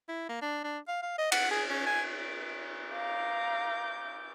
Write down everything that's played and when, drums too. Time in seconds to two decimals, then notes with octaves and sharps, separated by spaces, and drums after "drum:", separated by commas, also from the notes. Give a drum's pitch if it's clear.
0.09 E4
0.29 A#3
0.42 D4
0.64 D4
0.88 F5
1.02 F5
1.18 D#5
1.32 F#5, drum: cymbal
1.51 G#4
1.70 C#4
1.86 G#5
2.93 F5 A#5 D6 G6